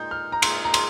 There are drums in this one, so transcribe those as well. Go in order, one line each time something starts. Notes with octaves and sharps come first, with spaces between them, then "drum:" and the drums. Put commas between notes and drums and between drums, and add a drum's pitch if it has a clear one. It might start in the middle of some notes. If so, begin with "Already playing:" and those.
Already playing: A#2 G#3 D#4 G6
F6
A#5
A#2 G#3 D#4 C6, drum: cymbal
A#5
C6, drum: cymbal